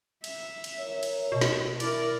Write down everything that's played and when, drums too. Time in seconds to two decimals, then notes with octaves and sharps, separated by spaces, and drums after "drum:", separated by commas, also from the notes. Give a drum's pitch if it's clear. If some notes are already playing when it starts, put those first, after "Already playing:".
0.24 E5, drum: cymbal
0.64 drum: cymbal
0.78 E3 A#4 C#5
1.03 drum: cymbal
1.32 B2
1.41 drum: snare
1.80 E4 A#4 D5, drum: cymbal